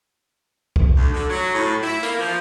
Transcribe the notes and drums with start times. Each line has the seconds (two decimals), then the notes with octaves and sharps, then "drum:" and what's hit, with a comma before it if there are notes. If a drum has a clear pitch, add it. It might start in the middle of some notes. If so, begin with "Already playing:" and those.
0.76 drum: kick
0.96 D2
1.13 D3
1.29 F#3
1.54 A2
1.82 E4
2.03 A#3, drum: hi-hat
2.18 F3